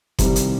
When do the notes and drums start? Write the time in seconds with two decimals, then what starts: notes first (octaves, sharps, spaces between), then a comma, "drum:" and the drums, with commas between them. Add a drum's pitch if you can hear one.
0.19 C2 C3 D#3 G3, drum: kick F#1, hi-hat
0.36 drum: hi-hat